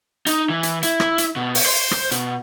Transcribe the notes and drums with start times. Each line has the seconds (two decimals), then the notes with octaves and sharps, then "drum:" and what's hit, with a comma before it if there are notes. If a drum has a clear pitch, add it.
0.26 D#4, drum: hi-hat
0.50 E3
0.63 drum: hi-hat
0.83 E4, drum: hi-hat
1.00 drum: rim click
1.18 drum: hi-hat
1.36 B2
1.55 drum: open hi-hat
1.66 C5
1.91 drum: rim click
2.11 B2, drum: hi-hat